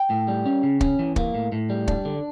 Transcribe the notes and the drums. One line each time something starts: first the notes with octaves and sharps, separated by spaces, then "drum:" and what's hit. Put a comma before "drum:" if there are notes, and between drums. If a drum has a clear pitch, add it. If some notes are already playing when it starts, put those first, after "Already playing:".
Already playing: G5
A2
G3
C#4
C#3
C#4, drum: kick
E3
A#3, drum: kick
A2
A2
G3
D4, drum: kick
D3